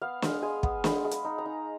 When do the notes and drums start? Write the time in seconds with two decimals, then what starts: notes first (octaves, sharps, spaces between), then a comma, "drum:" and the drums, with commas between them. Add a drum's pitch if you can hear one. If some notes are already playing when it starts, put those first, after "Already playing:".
0.02 B3 F5
0.22 G#3, drum: snare
0.42 G#3 G#5
0.63 B3, drum: kick
0.84 G#3 B5, drum: snare
1.05 G#3
1.11 B5, drum: hi-hat
1.25 D#4
1.38 A#5
1.45 D#4